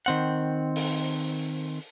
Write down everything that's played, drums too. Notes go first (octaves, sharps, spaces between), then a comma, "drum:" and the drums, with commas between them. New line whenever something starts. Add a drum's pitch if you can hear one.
D#3 C4 F#5
drum: open hi-hat